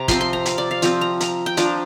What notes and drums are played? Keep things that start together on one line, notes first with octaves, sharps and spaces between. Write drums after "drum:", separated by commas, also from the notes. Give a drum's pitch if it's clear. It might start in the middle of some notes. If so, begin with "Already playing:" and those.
Already playing: C3 A#5
F3 C4 C6, drum: kick, hi-hat
C6
A#5
F5, drum: hi-hat
D5
F5
F3 C4 F5, drum: hi-hat
A#5
A#5, drum: hi-hat
G5
F3 D4 A#5, drum: hi-hat